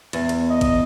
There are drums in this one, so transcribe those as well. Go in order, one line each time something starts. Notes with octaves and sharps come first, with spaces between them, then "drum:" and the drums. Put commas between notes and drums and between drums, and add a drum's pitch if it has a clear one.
E2, drum: cymbal
drum: cymbal
D#5
drum: kick G#1, cymbal